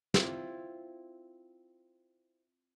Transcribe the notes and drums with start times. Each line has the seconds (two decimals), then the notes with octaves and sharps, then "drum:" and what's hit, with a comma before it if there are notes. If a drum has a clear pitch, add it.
0.14 C4 E4 F4, drum: snare